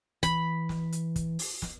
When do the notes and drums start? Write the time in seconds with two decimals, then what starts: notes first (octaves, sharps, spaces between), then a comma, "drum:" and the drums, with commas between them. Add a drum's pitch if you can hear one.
0.23 E3 B5, drum: kick, hi-hat
0.69 drum: snare
0.92 drum: hi-hat
1.16 drum: kick, hi-hat
1.39 drum: open hi-hat
1.62 drum: snare